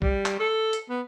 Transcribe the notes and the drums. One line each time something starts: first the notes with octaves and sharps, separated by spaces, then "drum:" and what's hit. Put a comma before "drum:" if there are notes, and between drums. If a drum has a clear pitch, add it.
G3, drum: kick
drum: clap
A4
drum: hi-hat
B3